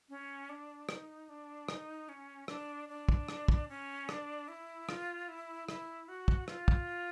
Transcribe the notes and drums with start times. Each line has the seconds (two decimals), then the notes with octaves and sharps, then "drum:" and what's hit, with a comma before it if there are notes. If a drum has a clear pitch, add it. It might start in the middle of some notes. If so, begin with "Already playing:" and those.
0.09 C#4
0.49 D4
0.89 D#4, drum: rim click
1.29 D4
1.69 D#4, drum: rim click
2.09 C#4
2.48 D4, drum: rim click
2.89 D4
3.09 drum: kick
3.28 drum: rim click
3.48 drum: kick
3.68 C#4
4.09 D4, drum: rim click
4.48 E4
4.89 F4, drum: rim click
5.28 E4
5.69 E4, drum: rim click
6.08 F#4
6.28 drum: kick
6.48 F4, drum: rim click
6.68 drum: kick